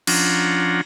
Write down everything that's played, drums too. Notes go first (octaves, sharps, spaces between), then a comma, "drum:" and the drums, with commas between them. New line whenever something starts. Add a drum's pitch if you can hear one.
F3 C#4 D4 F4 F#5 A#5, drum: cymbal